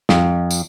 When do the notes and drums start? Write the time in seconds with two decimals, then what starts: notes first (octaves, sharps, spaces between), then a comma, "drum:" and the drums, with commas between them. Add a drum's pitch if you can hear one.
0.09 F2, drum: snare
0.51 drum: tambourine